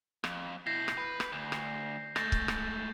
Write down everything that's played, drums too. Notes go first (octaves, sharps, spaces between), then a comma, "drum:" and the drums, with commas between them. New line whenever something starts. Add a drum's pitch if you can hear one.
F2, drum: rim click
B2 E4 G6 A#6 C7
drum: rim click
B4
drum: rim click
D2
drum: rim click
G#2 A3 G6 A6 A#6, drum: rim click
drum: kick C#1
drum: rim click